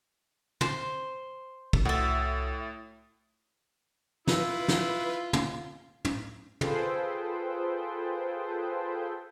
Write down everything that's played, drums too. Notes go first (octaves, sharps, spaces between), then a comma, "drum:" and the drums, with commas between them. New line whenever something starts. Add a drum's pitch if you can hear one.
C5, drum: tom
drum: kick
C2 A2 F#4 E5 A6
E4 F4 B4, drum: snare
drum: snare
drum: tom
drum: tom
F4 G#4 A4 B4 C5 G5, drum: tom